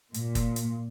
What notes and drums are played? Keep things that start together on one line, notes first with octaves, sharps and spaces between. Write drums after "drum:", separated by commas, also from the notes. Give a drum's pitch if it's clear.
A#2, drum: hi-hat
drum: kick, hi-hat
drum: hi-hat